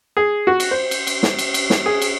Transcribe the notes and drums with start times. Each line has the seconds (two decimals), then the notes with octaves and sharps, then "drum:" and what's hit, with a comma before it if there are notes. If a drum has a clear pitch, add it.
0.17 G#4
0.47 F#4
0.60 drum: cymbal
0.71 C5
0.91 drum: cymbal
1.07 drum: cymbal
1.23 drum: snare
1.39 drum: cymbal
1.54 drum: cymbal
1.70 drum: snare
1.86 G#4
2.02 drum: cymbal